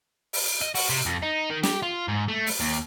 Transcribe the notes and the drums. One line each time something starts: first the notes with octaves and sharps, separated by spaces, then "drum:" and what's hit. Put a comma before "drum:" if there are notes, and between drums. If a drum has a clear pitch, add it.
drum: open hi-hat
D#5
F#4, drum: open hi-hat
C3
F2
D#4
D#3
G4, drum: snare
F4
G#2
A3
drum: open hi-hat
D#2